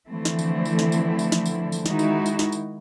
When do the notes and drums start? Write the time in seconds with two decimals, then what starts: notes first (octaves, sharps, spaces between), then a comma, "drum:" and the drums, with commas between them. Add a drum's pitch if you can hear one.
0.10 D3 E3 F3 A3 C4 E4
0.25 drum: snare
0.39 drum: tambourine
0.65 drum: tambourine
0.79 drum: snare
0.92 drum: tambourine
1.19 drum: tambourine
1.32 drum: snare
1.46 drum: tambourine
1.72 drum: tambourine
1.86 D#3 G#3 D#4 E4 F#4, drum: snare
1.99 drum: tambourine
2.26 drum: tambourine
2.39 drum: snare
2.52 drum: tambourine